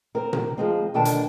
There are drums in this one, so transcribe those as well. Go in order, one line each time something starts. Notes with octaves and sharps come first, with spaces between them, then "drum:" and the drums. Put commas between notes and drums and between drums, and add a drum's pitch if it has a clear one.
C4 A#4
drum: tom A#2
D2 F3 G#3 C4
B2 D3 D#3 G5 A5
drum: hi-hat